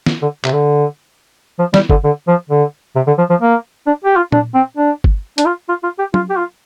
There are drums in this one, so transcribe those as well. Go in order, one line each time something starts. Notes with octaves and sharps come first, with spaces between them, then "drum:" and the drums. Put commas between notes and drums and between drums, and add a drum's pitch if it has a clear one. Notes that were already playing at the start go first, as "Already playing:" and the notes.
drum: snare
D3
C3, drum: clap
D3
F3
G3, drum: snare
D3, drum: kick G1
D3
F3
D3
C3
D3
F3
F3
A#3
D4
G4
F4
D4, drum: tom A#2
C4
D4
drum: kick G1
D4, drum: hi-hat
F4
F4
F4
G4
F4, drum: tom
G4
F4